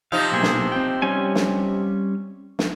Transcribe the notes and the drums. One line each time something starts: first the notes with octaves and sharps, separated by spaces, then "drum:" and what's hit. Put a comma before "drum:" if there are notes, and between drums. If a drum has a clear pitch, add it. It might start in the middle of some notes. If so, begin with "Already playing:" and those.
C3 F3 D#4 F5
B1 A#2 G#4
drum: snare
C4 G5
G3 C#4 G#5
drum: snare
drum: snare